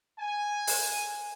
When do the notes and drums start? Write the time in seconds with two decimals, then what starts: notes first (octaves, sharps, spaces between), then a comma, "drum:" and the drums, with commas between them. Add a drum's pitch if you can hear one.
0.20 G#5
0.67 drum: open hi-hat